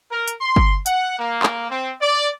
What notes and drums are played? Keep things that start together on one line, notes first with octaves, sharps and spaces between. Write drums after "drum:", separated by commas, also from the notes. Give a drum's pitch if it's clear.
A#4
drum: hi-hat
C6
drum: kick
F#5, drum: hi-hat
A#3
drum: clap
C4
D5